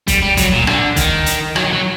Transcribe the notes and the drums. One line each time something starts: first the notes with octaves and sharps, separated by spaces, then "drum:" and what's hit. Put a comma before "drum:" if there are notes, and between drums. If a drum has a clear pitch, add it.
G3, drum: kick B1, hi-hat
G3
F#3, drum: kick B1, hi-hat
A#2
D3, drum: rim click
D#3, drum: kick B1, hi-hat
drum: hi-hat
F#3, drum: rim click
D#3
F#3